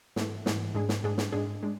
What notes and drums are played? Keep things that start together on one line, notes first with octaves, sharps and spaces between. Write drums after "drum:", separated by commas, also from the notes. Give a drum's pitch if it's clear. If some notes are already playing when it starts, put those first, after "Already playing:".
G#2 E3 A3, drum: snare
G#2 E3 A3, drum: snare
G#2 G#3 D4 G#4
drum: snare
G#2 G#3 D4 G#4
drum: snare
G#2 G#3 D4 G#4
G#3 D4